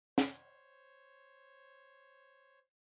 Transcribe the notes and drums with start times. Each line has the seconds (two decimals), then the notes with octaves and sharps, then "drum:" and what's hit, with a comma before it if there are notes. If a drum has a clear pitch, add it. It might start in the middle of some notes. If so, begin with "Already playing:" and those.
0.18 C5 C#5, drum: snare